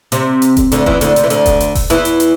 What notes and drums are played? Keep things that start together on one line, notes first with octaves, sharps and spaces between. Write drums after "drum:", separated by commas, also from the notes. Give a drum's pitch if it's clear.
C3, drum: hi-hat
drum: hi-hat
drum: kick F1, hi-hat
D2 D3, drum: hi-hat
E2 E3, drum: kick F1
D2 D3, drum: hi-hat
C3, drum: hi-hat
E3
D2 D3, drum: hi-hat
drum: kick F1, hi-hat
drum: hi-hat
drum: kick F1, open hi-hat
E2 E3, drum: hi-hat
drum: hi-hat
drum: hi-hat